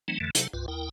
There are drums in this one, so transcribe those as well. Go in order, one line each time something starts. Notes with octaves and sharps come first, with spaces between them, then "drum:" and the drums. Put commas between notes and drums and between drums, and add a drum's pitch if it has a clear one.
E3 F#3 A3 C4 D#4
F2 D3 E3 A3
C3 F#3 A4 C5, drum: hi-hat
C2 G2 F4 B4
D#2 E4 A#4 G5